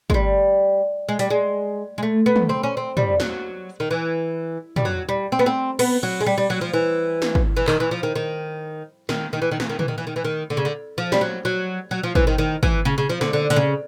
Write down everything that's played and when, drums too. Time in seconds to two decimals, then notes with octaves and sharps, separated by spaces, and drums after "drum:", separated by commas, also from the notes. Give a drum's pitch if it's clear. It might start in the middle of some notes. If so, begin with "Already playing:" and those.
0.10 G#3, drum: kick
0.14 G3
1.09 G#3
1.19 G3, drum: hi-hat
1.30 G#3
1.98 G#3
2.03 A3
2.26 B3
2.36 drum: tom
2.49 C4
2.63 C#4
2.77 C4
2.97 G3, drum: tom
3.20 F#3, drum: snare
3.80 D#3
3.91 E3
4.76 G3, drum: tom
4.85 F#3
5.09 G3
5.32 C4
5.39 B3
5.46 C4
5.79 B3, drum: cymbal
6.03 F#3
6.21 G#3
6.26 G3
6.38 G3
6.50 F#3
6.61 F3
6.73 E3
7.22 drum: snare
7.35 drum: kick
7.57 E3
7.68 D#3, drum: clap
7.80 E3
7.91 F3
8.03 D#3
8.15 D#3
9.09 D#3, drum: snare
9.33 D#3
9.42 E3
9.51 D#3
9.60 E3, drum: snare
9.70 D#3
9.79 E3, drum: tom
9.88 D#3
9.98 E3
10.07 D#3
10.16 E3
10.25 D#3
10.50 D3
10.57 C#3
10.65 D3
10.98 F3
11.12 G3, drum: snare
11.21 F#3
11.45 F#3
11.91 F#3
12.03 F3
12.15 E3, drum: kick
12.27 D#3
12.38 D#3
12.63 E3, drum: kick
12.85 C#3
12.98 C#3
13.10 F3
13.21 D3, drum: snare
13.33 D3
13.50 D3, drum: hi-hat
13.56 C#3